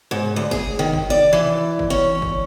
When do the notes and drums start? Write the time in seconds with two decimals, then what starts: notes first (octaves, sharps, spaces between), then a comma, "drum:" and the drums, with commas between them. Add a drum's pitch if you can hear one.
0.11 G#2
0.36 D2
0.51 G#4, drum: kick G1
0.79 D#3
0.93 drum: kick G1
1.10 D5
1.33 E3
1.79 drum: kick G1
1.90 C#4
2.22 drum: kick G1